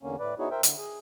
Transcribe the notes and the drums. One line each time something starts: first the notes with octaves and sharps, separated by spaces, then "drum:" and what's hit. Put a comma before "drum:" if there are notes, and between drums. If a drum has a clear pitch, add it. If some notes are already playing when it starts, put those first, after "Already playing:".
E2 D3 A#3 C#4
A2 B4 D5
B3 D#4 E4 F#4 G#4 C#5
A#4 C5 E5 G5
D3, drum: hi-hat
G#4